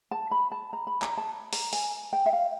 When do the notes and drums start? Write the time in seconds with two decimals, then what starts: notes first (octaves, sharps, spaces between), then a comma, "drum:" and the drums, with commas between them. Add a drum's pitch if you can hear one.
0.11 A5
0.31 B5
0.52 A5
0.73 A#5
0.87 B5
1.02 A#5, drum: clap
1.17 A5
1.53 A#5, drum: open hi-hat
1.73 G#5, drum: open hi-hat
2.13 G5
2.26 E5
2.33 F5